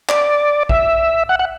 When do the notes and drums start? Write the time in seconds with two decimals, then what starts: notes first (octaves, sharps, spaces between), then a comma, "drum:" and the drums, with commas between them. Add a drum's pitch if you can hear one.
0.09 D5, drum: clap
0.69 E5, drum: kick
1.29 F#5
1.39 F#5